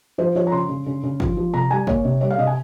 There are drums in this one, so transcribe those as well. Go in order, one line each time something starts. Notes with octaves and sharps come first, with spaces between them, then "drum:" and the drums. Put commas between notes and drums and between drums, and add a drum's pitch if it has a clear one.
F3 C5
F3 C#5
A#5
C#3 C6
C#3
C#3
C#3
F3, drum: kick
F3
C3 A#5
G3 G#5
A#3 C#5, drum: kick
C3
G3 C#5
F5
C3 D#5
G#5